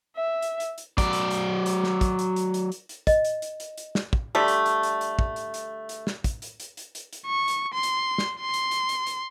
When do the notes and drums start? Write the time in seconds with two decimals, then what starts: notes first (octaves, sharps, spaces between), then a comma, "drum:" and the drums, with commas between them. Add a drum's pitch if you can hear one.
0.16 E5
0.42 drum: hi-hat
0.60 drum: hi-hat
0.78 drum: hi-hat
0.98 F#3 D5, drum: kick, hi-hat
1.13 drum: hi-hat
1.31 drum: hi-hat
1.66 drum: hi-hat
1.84 drum: snare
2.01 drum: kick, hi-hat
2.19 drum: hi-hat
2.36 drum: hi-hat
2.54 drum: hi-hat
2.72 drum: hi-hat
2.89 drum: hi-hat
3.07 D#5, drum: kick, hi-hat
3.25 drum: hi-hat
3.42 drum: hi-hat
3.60 drum: hi-hat
3.78 drum: hi-hat
3.95 drum: snare
4.13 drum: kick
4.35 D3 G3 A3
4.48 drum: hi-hat
4.66 drum: hi-hat
4.83 drum: hi-hat
5.01 drum: hi-hat
5.19 drum: kick
5.36 drum: hi-hat
5.54 drum: hi-hat
5.89 drum: hi-hat
6.07 drum: snare
6.24 drum: kick, hi-hat
6.42 drum: hi-hat
6.60 drum: hi-hat
6.77 drum: hi-hat
6.95 drum: hi-hat
7.13 drum: hi-hat
7.26 C#6
7.48 drum: hi-hat
7.74 C6
7.83 drum: hi-hat
8.18 drum: snare
8.41 C6
8.54 drum: hi-hat
8.71 drum: hi-hat
8.89 drum: hi-hat
9.07 drum: hi-hat